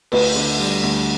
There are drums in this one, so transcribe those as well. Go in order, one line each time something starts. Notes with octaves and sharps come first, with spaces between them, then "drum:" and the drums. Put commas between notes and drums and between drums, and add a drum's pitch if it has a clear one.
D2 B4, drum: cymbal
D3
G3
D2